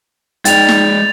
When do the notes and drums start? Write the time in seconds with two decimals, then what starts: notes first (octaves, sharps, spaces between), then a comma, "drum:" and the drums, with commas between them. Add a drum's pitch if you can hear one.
0.45 G#3 D#4 G#4 D5 G5 A6 F7, drum: hi-hat
0.69 drum: snare